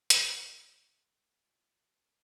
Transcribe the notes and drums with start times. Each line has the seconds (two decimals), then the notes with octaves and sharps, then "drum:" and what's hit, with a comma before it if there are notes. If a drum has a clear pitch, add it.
0.10 E3 F#3 G#3 B3 G4, drum: hi-hat
0.45 G#4
1.44 C#4 F4 D5 G5
1.84 F#4
2.01 A#4